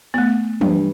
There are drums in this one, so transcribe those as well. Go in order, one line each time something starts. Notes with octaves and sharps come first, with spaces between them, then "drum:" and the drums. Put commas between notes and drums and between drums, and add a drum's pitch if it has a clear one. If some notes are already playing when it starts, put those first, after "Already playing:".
A3 B3
G2, drum: tom E3